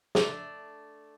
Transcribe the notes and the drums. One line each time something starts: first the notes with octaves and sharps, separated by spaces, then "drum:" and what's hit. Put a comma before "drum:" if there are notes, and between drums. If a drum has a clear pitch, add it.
A3 D4, drum: snare